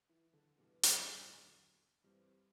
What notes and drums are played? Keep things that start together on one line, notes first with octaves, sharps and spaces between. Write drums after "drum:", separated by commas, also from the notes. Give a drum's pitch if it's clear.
E3
D3
G2 B2 E3 G3 B3
F#2, drum: hi-hat
G2
A2
E2 D3 F#3
G2 E3 G3 C4